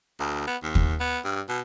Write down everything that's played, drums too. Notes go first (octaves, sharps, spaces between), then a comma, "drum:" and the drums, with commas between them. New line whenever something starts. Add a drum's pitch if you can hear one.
D2
B3
D#2
drum: kick
B3
G2
B2